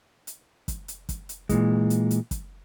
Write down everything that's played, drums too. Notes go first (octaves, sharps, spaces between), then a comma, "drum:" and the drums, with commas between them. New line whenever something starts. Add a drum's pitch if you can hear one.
drum: hi-hat
drum: kick, hi-hat
drum: hi-hat
drum: kick, hi-hat
drum: hi-hat
A#2 E3 G#3, drum: kick, hi-hat
drum: hi-hat
drum: hi-hat
drum: kick, hi-hat